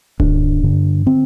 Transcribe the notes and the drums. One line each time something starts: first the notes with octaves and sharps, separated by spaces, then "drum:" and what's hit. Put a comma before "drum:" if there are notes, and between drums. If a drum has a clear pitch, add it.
G2 D3 D4, drum: kick D1
G2 D3
D3 C4